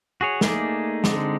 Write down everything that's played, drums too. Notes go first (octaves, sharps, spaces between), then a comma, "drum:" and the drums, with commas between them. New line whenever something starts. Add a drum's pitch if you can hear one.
F#4 G#4 C#5
A3 A#3 D#4 G#4 D5, drum: snare
D3 G#3 C4 D4 D#4, drum: snare